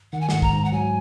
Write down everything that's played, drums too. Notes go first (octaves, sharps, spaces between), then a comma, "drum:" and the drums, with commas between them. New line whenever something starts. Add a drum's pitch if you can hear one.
D#3 F#5
G#5
G#2 F#5, drum: snare
A#5, drum: kick B1
G#2
F#5
F#3 G#5